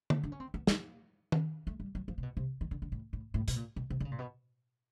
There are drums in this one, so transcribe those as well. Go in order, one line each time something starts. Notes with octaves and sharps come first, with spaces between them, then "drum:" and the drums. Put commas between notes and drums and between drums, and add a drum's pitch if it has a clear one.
drum: tom D3
D4
C#4
C4
B3
A#3, drum: snare
drum: tom D#3
A3
G3
F#3
F3
C3
B2
C3
D#3
D3
D3
A2
A2
A2
B2, drum: hi-hat
A#2
B2
C3
D3
C#3
A#2
B2